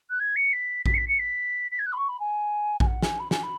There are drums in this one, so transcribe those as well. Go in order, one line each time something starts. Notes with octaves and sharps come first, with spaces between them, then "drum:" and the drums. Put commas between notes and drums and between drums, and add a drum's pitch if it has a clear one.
F#6
G#6
C#7
B6
B6, drum: kick A#1
C#7
B6
C#7
B6
B6
G#6
F#6
B5
C#6
B5
G#5
G#5, drum: kick A#1
F#5
G#5, drum: snare
B5
G#5, drum: snare
B5